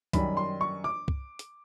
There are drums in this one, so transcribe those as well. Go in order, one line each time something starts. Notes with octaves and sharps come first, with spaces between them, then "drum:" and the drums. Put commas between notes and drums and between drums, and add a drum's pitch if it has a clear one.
F#2 D#3 G3 B5, drum: kick C2, hi-hat
C6
C#6
D6
drum: kick C2
drum: hi-hat